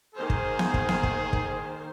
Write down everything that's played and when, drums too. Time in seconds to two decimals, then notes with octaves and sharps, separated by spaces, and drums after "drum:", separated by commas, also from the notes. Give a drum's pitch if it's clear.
0.15 D#3 A#3 G#4 C5
0.30 drum: kick
0.59 drum: snare B3
0.74 drum: kick
0.89 drum: snare B3
1.03 drum: kick
1.33 drum: kick